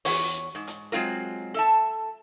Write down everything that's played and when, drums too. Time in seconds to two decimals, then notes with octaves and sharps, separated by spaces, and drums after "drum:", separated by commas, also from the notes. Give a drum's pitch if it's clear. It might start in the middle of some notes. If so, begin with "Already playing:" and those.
0.05 E2 C#5, drum: open hi-hat
0.55 G#2
0.67 drum: hi-hat
0.92 F#3 G#3 C4 F4 A#4
1.54 A4 E5 A5